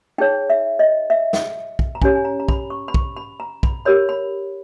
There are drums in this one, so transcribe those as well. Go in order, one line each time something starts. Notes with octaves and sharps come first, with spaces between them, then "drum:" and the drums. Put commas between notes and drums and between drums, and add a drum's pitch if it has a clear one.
D#4 G#4 C#5 G5
E5
D#5
E5
drum: snare
drum: kick
A#5
C#4 G4 C#5 G#5, drum: kick
G#5
A#5
A#5
B5, drum: kick
C#6
B5
C#6, drum: kick
B5
A#5
B5, drum: kick
G4 A#4 C#5 B5
B5